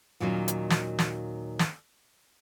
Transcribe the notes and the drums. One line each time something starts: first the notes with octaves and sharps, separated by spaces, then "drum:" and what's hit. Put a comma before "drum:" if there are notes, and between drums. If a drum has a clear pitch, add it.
D#2 A#2 D#3 F#3 C#4 F4
drum: hi-hat
drum: snare
drum: snare
drum: snare